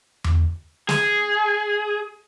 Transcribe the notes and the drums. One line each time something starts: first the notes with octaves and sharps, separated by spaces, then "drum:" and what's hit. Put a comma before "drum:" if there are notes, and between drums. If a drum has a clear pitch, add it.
drum: tom E2
G#4, drum: snare